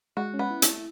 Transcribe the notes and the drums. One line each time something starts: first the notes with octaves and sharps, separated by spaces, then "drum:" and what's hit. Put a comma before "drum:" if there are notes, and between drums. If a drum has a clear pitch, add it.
G#3 F#4
C#4
B3
E4
A3, drum: hi-hat
E4